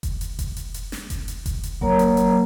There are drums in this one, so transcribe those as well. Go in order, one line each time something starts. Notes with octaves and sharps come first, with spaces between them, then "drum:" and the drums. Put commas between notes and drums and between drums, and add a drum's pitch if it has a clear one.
drum: kick F1, hi-hat
drum: hi-hat
drum: kick F1, hi-hat
drum: hi-hat
drum: hi-hat
drum: snare
drum: kick F1, hi-hat
drum: hi-hat
drum: kick F1, hi-hat
drum: hi-hat
F#3 A#3 A#4 C#5 A#5, drum: kick F1
drum: hi-hat
drum: hi-hat